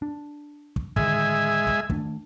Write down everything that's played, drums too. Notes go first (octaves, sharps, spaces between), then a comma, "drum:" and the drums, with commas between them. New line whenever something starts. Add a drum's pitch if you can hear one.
D4
drum: kick
A2 D3 D#3 G#3 E5 G#5, drum: kick
drum: kick
D#3 A3 D4, drum: kick